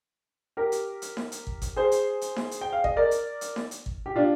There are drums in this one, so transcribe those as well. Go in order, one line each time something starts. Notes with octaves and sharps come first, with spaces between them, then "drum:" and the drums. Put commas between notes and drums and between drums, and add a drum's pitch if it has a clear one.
G4 A#4
drum: hi-hat
drum: hi-hat
drum: snare D#4
drum: hi-hat
drum: kick
drum: kick, hi-hat
G#4 C5
drum: hi-hat
drum: hi-hat
drum: snare D#4
drum: hi-hat
G5
F5
D#5, drum: kick
A#4 D5
drum: hi-hat
drum: hi-hat
drum: snare D#4
drum: hi-hat
drum: kick
G4
D4 F4